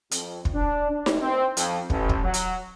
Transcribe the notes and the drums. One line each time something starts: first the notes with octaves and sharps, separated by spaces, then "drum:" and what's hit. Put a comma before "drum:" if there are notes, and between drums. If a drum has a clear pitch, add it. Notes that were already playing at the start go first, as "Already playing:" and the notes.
F2, drum: hi-hat
drum: kick
D4
D4
drum: snare D#4
C4
F2, drum: hi-hat
A1, drum: kick
drum: kick
F#3
drum: hi-hat